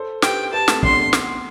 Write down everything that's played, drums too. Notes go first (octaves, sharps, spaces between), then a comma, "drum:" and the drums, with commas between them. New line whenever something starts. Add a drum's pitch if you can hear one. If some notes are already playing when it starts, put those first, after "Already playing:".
Already playing: A4 C5
G4 B4 G5, drum: snare
G4 B4 A5
A3 C4, drum: snare
B3 D4 C6, drum: kick
D4
A3 C4
B3, drum: snare